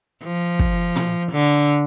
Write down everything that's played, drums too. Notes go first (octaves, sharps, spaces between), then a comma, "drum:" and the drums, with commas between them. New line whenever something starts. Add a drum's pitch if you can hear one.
F3
drum: kick
drum: tom
D3